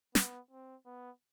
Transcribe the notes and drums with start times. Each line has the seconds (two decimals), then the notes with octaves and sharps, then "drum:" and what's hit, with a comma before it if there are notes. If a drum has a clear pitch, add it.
0.15 B3, drum: snare
0.51 C4
0.86 B3